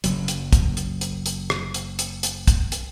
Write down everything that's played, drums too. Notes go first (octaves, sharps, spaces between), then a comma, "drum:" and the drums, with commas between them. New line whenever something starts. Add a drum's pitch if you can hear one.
F#1 F#3, drum: hi-hat
drum: hi-hat
drum: kick, hi-hat
drum: hi-hat
drum: hi-hat
drum: hi-hat
drum: rim click
drum: hi-hat
drum: hi-hat
drum: hi-hat
drum: kick, hi-hat
drum: hi-hat